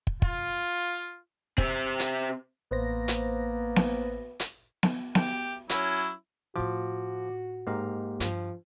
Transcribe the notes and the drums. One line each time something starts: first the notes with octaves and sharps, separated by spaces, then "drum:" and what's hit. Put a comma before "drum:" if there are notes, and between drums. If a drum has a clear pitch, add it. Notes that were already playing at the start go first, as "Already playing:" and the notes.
drum: kick
F4, drum: kick
C3 C4, drum: kick
drum: hi-hat
A1 A#3 B3 C5 A#6
drum: hi-hat
drum: snare B3
drum: hi-hat
drum: snare B3
G4, drum: snare B3
F#3 C#4 E4, drum: hi-hat
A2 F3 F4 F#4 D6
G#2 A#3 G4 F5 A#5
G2 F3, drum: hi-hat